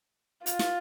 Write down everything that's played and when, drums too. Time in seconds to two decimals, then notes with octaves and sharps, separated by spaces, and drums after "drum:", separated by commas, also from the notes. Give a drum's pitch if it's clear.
0.46 F4, drum: hi-hat
0.59 drum: snare